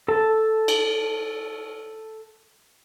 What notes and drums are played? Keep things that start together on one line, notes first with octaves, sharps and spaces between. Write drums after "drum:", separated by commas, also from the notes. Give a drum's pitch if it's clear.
A4 A5
drum: cymbal